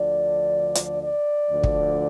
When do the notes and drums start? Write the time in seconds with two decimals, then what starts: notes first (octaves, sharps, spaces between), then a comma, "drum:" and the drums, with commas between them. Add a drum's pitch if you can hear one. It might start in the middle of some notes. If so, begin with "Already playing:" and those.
Already playing: D2 D3 F3 D5
0.75 drum: hi-hat
1.03 D5
1.48 D2 D3 F3
1.63 drum: kick